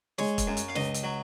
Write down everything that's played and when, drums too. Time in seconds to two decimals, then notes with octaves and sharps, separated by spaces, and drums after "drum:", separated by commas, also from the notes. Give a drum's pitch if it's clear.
0.18 G#3 C#5, drum: snare
0.38 drum: kick, hi-hat
0.47 F#2
0.57 drum: hi-hat
0.68 F5
0.75 C#2 D#5, drum: snare
0.94 drum: hi-hat
1.03 F#3